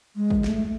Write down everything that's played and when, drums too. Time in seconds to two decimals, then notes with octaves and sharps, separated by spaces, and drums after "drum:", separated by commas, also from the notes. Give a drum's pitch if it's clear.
0.16 G#3
0.30 drum: kick
0.44 A3, drum: snare